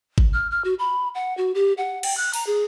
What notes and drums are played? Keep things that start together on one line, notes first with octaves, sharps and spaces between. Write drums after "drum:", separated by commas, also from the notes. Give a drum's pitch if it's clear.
drum: kick G#1
F6
F6
F#4
B5
F#5
F#4
G4
F#5
G5, drum: cymbal
F#6
A#5, drum: open hi-hat
G#4